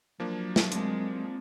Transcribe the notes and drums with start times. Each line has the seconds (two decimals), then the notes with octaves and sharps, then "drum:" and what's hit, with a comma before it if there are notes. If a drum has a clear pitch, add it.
0.20 F3 F#3 A#3 D4
0.56 drum: snare
0.72 G#3 C4, drum: hi-hat